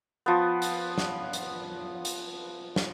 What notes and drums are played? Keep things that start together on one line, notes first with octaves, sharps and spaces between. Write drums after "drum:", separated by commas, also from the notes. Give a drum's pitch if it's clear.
F3 B3
drum: hi-hat
drum: snare
drum: hi-hat
drum: hi-hat
drum: snare